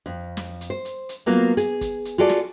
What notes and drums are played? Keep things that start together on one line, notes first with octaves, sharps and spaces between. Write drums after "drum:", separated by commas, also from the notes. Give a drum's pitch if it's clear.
F2
drum: snare
drum: hi-hat
C5
drum: hi-hat
drum: hi-hat
F#3 A#3 B3 F4
G#4, drum: hi-hat
drum: kick, hi-hat
drum: hi-hat
F4 F#4 G#4 A4 D5
drum: snare